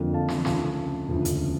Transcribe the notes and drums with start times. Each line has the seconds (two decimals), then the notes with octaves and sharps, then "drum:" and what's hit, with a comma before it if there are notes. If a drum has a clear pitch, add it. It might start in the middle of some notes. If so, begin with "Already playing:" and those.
Already playing: F2 D3 F3 A#3
0.14 F5 A5
0.28 drum: snare
0.45 D2 C#3 F3 F5 A5, drum: snare
1.07 E1 D2 C#3 F3
1.25 drum: hi-hat